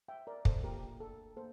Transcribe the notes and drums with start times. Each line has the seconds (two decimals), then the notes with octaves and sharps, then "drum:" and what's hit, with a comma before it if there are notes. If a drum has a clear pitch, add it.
0.08 E5 G5
0.27 A#4 D5
0.45 A4 C5, drum: kick
0.63 A#3 F4 G4 A#4
1.00 A4
1.36 A#3 A4 C5